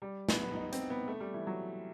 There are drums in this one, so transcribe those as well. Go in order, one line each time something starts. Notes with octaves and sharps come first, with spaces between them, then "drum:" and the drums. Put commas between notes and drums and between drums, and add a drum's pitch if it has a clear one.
G3
B3, drum: snare
B3
D#4
C4, drum: hi-hat
B3
A3
G3
E3
F#3